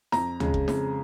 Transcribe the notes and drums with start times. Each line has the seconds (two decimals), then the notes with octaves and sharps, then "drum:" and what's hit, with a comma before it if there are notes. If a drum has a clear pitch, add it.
0.12 F2 A#5, drum: snare
0.40 C#3 G#3, drum: tom D2
0.54 drum: kick F1
0.68 F2, drum: snare